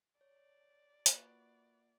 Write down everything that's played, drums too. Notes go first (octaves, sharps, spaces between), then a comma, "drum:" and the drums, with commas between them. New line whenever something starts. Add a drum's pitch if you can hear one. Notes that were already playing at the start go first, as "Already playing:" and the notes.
C#5 D5
A#3 F4 F#4 B4 F#5, drum: hi-hat